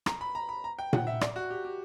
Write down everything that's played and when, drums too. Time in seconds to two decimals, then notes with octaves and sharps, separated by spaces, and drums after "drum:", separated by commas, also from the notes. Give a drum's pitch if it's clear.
0.06 A#5, drum: rim click
0.21 B5
0.35 A#5
0.49 B5
0.64 A#5
0.79 G5
0.93 F#5, drum: tom A#2
1.07 E5
1.21 D5, drum: rim click
1.36 F#4
1.50 G4
1.65 G4